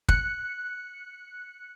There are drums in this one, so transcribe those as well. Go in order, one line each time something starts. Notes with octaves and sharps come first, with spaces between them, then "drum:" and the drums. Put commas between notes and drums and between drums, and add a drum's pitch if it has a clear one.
F#6 C#7, drum: kick